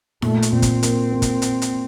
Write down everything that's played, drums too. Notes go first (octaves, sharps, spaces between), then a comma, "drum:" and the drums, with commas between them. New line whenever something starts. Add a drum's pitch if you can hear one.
A#2 A3, drum: snare D#4
drum: hi-hat
A#2 C4
drum: kick, hi-hat
A#3, drum: hi-hat
A#3
drum: kick, hi-hat
drum: hi-hat
drum: hi-hat